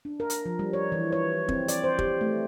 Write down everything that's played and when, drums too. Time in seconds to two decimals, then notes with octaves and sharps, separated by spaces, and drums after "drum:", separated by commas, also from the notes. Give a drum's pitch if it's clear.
0.05 D4
0.20 A#4
0.30 drum: hi-hat
0.46 F3
0.59 G3
0.73 C#5
0.92 E3
1.13 C#5
1.49 C4, drum: kick
1.68 D5, drum: hi-hat
1.84 C5
1.99 G4, drum: kick
2.21 A3